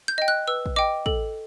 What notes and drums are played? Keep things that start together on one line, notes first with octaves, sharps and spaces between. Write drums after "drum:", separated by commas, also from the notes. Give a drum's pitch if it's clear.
G6
D#5 G5
F#6
B4 E6
drum: kick
D#5 G5 D6
A4, drum: kick